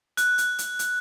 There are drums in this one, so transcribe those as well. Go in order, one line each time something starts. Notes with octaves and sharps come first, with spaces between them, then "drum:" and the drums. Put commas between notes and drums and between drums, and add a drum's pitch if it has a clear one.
F#6, drum: hi-hat
drum: hi-hat
drum: hi-hat
drum: hi-hat